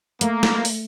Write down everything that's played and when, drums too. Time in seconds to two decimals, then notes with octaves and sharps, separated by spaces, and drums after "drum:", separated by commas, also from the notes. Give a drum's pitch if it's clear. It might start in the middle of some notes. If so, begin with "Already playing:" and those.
0.21 A3 A#3, drum: hi-hat
0.43 drum: snare
0.65 drum: open hi-hat